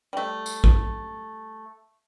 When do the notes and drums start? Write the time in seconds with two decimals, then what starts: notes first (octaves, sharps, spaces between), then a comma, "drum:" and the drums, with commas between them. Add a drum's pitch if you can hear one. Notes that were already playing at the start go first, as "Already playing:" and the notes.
0.13 G3 A3
0.46 drum: tambourine
0.64 drum: kick A1